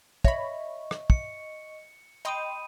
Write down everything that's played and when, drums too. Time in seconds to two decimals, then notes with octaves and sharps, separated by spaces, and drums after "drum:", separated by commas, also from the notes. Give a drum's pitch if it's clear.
0.24 C#5 D#5 E5 B5 C#6, drum: kick
0.91 drum: rim click
1.10 C#7, drum: kick
2.25 D#5 G5 B5 C6 D#6 D#7